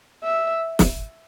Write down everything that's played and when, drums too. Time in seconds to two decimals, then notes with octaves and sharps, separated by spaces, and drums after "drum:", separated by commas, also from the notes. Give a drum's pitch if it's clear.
0.24 E5
0.79 drum: snare